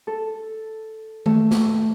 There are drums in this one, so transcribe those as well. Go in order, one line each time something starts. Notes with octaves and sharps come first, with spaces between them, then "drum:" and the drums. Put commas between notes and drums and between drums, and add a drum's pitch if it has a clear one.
A4
A3, drum: tom D#3
drum: snare